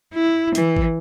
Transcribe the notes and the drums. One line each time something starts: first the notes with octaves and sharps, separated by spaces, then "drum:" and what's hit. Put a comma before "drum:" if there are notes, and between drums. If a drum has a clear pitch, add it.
E4
E3, drum: hi-hat
drum: kick G#1